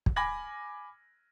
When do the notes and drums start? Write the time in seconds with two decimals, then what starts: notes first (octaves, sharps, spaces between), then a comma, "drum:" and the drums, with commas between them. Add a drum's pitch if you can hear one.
0.06 drum: kick
0.16 G#5 B5 D6 G#6 A#6 F#7